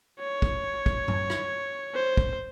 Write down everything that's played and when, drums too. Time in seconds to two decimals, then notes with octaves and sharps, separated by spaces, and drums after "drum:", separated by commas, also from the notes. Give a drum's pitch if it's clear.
0.20 C#5
0.42 drum: kick
0.86 drum: kick
1.08 drum: tom G2
1.30 drum: rim click
1.95 C5
2.17 drum: kick